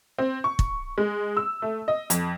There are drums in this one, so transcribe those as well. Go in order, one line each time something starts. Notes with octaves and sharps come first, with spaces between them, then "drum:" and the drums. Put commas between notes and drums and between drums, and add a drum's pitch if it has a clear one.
C4
C#6
drum: kick
G#3
E6
A3
D#5
F2, drum: hi-hat